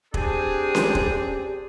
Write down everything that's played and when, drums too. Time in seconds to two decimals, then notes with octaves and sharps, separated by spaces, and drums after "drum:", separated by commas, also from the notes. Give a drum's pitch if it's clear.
0.14 C4 D4 G4 G#4, drum: kick
0.75 drum: snare C#4
0.95 drum: kick